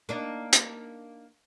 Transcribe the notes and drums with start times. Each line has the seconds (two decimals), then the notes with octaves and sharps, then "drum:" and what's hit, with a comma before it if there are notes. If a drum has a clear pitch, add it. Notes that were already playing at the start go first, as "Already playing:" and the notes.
0.09 A#3 D4 D#4
0.53 drum: hi-hat